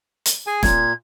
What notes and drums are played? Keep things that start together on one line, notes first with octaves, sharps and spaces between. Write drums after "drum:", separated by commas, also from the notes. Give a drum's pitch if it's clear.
drum: hi-hat
G#4 G#5
A#2 G#6, drum: snare